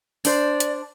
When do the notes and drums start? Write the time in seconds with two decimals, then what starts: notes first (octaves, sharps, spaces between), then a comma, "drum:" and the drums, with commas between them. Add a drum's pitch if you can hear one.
0.25 D4 C5 D5, drum: open hi-hat
0.60 drum: hi-hat